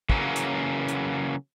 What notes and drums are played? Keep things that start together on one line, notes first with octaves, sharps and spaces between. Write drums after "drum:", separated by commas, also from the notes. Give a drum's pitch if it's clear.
C#3 E3 F#3 A#3 C#4, drum: kick
drum: hi-hat
drum: hi-hat